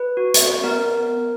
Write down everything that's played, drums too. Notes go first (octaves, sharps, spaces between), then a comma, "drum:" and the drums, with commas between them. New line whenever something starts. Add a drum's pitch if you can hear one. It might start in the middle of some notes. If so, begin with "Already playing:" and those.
Already playing: B4
F#4
drum: hi-hat
B3 A#4